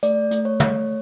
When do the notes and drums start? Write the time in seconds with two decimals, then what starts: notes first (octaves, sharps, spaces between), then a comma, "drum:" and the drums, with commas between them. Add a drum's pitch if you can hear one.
0.03 A3 D5, drum: hi-hat
0.31 A3, drum: hi-hat
0.45 C#5
0.60 A3, drum: tom